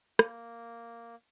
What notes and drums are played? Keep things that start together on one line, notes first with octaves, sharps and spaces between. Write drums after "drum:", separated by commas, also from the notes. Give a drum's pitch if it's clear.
A#3, drum: rim click